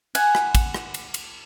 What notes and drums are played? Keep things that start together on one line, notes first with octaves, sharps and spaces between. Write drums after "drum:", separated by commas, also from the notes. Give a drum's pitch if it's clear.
F#5 G#5, drum: cymbal
drum: rim click
drum: kick, cymbal
drum: rim click
drum: cymbal
drum: cymbal